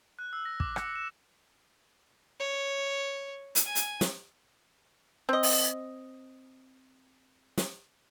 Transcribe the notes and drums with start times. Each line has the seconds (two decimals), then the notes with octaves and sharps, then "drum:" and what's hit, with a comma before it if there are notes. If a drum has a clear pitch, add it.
0.19 F#6
0.33 E6
0.45 A#6
0.60 D6, drum: kick
0.76 C#7, drum: rim click
0.96 E7
2.40 C#5
3.55 drum: hi-hat
3.65 G#5
3.75 drum: hi-hat
4.01 drum: snare
5.29 C4 D#5
5.43 drum: open hi-hat
7.57 drum: snare